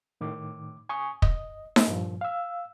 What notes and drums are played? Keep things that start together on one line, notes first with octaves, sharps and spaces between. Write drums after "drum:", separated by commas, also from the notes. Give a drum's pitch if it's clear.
A2 D#3 D6
G#5 C#6 D#6
D#5, drum: kick
drum: snare D#4
G2 A#2 F3
F5 E6